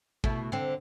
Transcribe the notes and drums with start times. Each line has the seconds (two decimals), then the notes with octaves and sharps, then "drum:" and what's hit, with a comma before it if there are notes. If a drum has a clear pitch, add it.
0.24 B2 A3 E4, drum: kick
0.52 D3 C4